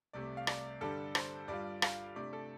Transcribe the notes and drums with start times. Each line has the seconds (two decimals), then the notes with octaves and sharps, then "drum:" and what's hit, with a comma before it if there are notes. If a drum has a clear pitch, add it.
0.13 C2 C3 A3 D5
0.37 F5
0.47 D5, drum: rim click
0.81 G2 D3 G3 D4 A4
1.15 C5, drum: rim click
1.48 G2 G3 F4 D5
1.82 F5, drum: rim click
2.16 C3 A3 D4 D5
2.33 A4